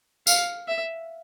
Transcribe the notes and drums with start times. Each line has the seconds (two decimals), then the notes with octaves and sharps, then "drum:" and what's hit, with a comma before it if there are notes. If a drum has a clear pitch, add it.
0.27 F5, drum: tambourine
0.68 E5